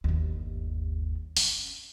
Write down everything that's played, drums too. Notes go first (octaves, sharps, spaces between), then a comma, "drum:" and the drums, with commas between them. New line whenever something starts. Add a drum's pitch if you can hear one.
G1 D#2
C#4, drum: open hi-hat